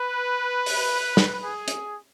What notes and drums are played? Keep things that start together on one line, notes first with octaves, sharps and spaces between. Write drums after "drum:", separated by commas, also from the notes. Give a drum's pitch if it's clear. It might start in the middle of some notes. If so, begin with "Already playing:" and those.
Already playing: B4
drum: open hi-hat
drum: snare
G#4
drum: hi-hat